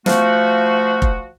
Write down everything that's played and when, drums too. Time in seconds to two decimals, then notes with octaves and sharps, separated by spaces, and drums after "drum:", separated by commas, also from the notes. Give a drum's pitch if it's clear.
0.06 F3 A3 F#4, drum: snare
1.02 drum: kick F1